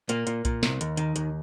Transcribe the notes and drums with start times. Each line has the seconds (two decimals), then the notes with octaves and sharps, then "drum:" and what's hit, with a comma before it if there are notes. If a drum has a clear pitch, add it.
0.09 A#2 A#3, drum: hi-hat
0.27 A#2, drum: hi-hat
0.45 A#2, drum: kick B1, hi-hat
0.63 C2, drum: snare
0.81 D#2, drum: hi-hat
0.97 D#3, drum: hi-hat
1.16 D#2, drum: hi-hat